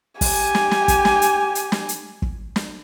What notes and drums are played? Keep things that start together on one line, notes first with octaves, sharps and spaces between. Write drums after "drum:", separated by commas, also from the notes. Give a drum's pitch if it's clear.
G4 G#5, drum: kick, open hi-hat
drum: snare
drum: snare
drum: kick, hi-hat
drum: snare
drum: hi-hat
drum: hi-hat
drum: snare
drum: hi-hat
drum: kick
drum: snare